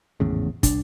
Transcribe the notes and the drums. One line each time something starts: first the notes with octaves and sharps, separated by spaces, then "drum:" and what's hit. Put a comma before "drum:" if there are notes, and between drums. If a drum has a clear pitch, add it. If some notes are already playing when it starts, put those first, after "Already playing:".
G#1 E2 A2 C#3
C2 D4, drum: kick, hi-hat